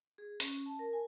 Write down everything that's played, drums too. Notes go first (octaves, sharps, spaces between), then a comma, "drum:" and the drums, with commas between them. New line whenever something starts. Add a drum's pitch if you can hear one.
G#4
C#4, drum: hi-hat
A5
A#4
G#5